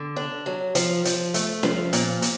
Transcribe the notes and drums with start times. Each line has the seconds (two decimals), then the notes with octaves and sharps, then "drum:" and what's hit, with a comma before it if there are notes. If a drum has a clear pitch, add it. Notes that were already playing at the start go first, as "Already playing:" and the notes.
Already playing: D3
0.16 D4
0.46 F#3
0.75 F3, drum: hi-hat
1.05 F3, drum: hi-hat
1.34 A3, drum: hi-hat
1.63 F3, drum: snare C#4
1.93 A#2, drum: hi-hat
2.22 A#2, drum: hi-hat